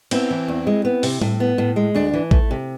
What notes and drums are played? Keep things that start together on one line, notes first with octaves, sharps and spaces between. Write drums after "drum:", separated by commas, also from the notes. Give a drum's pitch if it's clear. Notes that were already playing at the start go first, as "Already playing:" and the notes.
B3 C4 E4, drum: cymbal
E3
E2
G#3
B3
C3, drum: open hi-hat
A2, drum: tom G3
B3
A2
G#3
D2 D4
E3
A3, drum: kick
C3